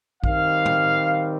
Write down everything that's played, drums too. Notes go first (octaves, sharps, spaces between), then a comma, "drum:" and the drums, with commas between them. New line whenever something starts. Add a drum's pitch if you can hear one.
D#3 G3 C4 F5, drum: kick A#1
drum: tom A2